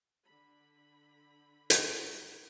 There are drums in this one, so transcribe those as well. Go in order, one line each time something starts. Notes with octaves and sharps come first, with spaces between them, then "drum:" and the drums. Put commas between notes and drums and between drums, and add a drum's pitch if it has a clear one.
D3 B5
drum: hi-hat